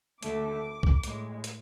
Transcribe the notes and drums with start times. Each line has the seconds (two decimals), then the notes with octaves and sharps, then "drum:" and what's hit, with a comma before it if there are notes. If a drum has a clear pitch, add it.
0.23 D2 D3 A3 D6, drum: hi-hat
0.83 drum: kick B1
1.03 A2 G#3, drum: hi-hat
1.44 drum: hi-hat